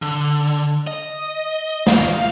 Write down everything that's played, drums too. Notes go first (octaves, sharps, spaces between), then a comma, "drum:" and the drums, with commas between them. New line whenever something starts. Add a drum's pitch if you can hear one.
D3
D#5
F5, drum: snare